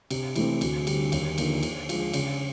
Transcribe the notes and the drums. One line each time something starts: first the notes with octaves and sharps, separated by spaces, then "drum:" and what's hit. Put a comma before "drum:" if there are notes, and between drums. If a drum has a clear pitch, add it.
C3, drum: cymbal
E3 A3 C4, drum: cymbal
D2, drum: cymbal
D3 G3, drum: cymbal
D#2, drum: cymbal
D3 F3 A#3 D#4, drum: cymbal
D3, drum: cymbal
F3 G#3, drum: cymbal
C#3, drum: cymbal